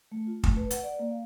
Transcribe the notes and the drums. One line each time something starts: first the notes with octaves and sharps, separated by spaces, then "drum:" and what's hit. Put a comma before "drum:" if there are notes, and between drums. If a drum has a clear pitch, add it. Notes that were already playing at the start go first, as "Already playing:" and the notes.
A3
F4
A3, drum: kick
B4
F#5, drum: hi-hat
D5
A#3
F5